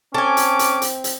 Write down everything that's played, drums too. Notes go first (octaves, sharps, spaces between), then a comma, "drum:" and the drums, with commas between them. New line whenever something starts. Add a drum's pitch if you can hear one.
C4 C#4 A4 G#5 D6
drum: hi-hat
drum: hi-hat
drum: hi-hat
drum: hi-hat